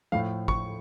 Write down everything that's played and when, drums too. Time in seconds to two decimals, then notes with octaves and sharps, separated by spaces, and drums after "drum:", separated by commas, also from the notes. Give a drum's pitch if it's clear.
0.12 A2 F3 A3 F5
0.48 C#6, drum: kick